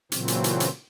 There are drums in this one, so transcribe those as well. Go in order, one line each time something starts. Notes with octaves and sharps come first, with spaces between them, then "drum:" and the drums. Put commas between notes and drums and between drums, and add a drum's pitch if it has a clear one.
A#2 C#3 E3 F#3 C4, drum: hi-hat
drum: hi-hat
drum: hi-hat
drum: hi-hat